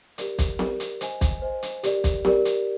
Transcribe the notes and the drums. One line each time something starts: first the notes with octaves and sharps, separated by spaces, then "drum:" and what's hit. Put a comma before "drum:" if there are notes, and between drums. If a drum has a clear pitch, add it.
G4 A#4 D5, drum: hi-hat
drum: kick, hi-hat
G4 A#4 D5, drum: snare C4
drum: hi-hat
C5 D#5 G#5, drum: hi-hat
drum: kick, hi-hat
C5 D#5 G#5
drum: hi-hat
G4 A#4 D5, drum: hi-hat
drum: kick, hi-hat
G4 A#4 D5, drum: snare C4
drum: hi-hat